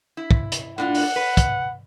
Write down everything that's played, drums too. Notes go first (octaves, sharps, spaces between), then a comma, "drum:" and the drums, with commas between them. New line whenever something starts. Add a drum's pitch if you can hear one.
E4
drum: kick
drum: hi-hat
A2 D4 F4 F#5
drum: open hi-hat
B4
drum: kick, hi-hat